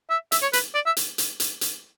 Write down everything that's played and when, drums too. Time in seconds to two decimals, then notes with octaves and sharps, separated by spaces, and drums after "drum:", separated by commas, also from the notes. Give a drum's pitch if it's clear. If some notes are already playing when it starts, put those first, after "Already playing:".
0.10 E5
0.32 E5, drum: hi-hat
0.42 C#5
0.53 B4, drum: hi-hat
0.75 D5
0.86 E5
0.97 drum: hi-hat
1.18 drum: hi-hat
1.40 drum: hi-hat
1.61 drum: hi-hat